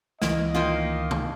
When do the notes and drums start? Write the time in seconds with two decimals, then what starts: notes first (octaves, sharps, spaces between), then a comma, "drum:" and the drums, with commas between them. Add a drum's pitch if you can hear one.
0.22 C#2 E3 A#3 D#5 G#6, drum: snare
0.55 D#3 A#3 F4
1.11 drum: tom C3